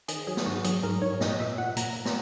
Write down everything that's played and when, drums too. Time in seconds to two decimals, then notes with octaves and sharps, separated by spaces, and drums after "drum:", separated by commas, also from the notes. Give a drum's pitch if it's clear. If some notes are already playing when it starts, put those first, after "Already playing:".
0.08 D#3 G#4, drum: hi-hat
0.27 F#3 G#4
0.37 drum: snare
0.46 G#2 F#4
0.64 F#3 G#4, drum: hi-hat
0.83 G#2 A#4
1.02 G#2 C#5
1.20 A#2 D#5, drum: snare
1.40 A#2 E5
1.58 A#2 F#5
1.77 A#2 A#5, drum: hi-hat
1.96 A#3
2.05 A#5, drum: snare